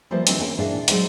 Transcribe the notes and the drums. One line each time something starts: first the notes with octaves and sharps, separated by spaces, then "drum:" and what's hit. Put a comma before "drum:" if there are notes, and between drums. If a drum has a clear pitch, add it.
E3 F3 G3 A#3 C5
D3 D#3 C4 F#4, drum: hi-hat
A#3 C#4 F#5 G5
A#2 E3 D4 G#4 D5 F5
F#3 G#3 C4 D#4, drum: hi-hat